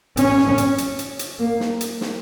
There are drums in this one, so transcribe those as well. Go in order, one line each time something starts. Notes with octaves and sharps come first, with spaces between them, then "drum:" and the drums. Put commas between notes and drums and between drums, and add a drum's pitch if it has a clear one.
C#4, drum: hi-hat
drum: snare
drum: hi-hat
drum: hi-hat
drum: hi-hat
drum: hi-hat
A#3
drum: snare
drum: hi-hat
drum: snare